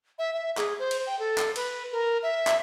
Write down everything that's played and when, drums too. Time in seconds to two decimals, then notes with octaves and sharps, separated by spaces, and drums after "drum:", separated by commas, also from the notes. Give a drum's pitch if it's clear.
0.19 E5
0.34 E5
0.57 G#4, drum: clap
0.79 C5
0.91 drum: cymbal
1.07 G5
1.19 A4
1.38 drum: clap
1.56 B4, drum: cymbal
1.92 A#4
2.23 E5
2.47 drum: clap